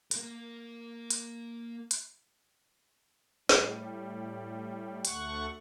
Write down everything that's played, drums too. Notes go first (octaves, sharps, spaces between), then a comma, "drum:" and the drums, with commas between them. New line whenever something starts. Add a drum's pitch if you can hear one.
A#3 A#4, drum: hi-hat
drum: hi-hat
drum: hi-hat
A2 G3, drum: snare
D2 A3 F#5 C#6, drum: hi-hat